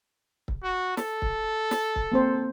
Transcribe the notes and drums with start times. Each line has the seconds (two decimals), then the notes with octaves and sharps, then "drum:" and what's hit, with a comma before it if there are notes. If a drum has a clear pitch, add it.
0.48 drum: kick
0.63 F#4
0.97 A4, drum: snare
1.22 drum: kick
1.71 drum: snare
1.96 drum: kick
2.12 A#3 C4 C5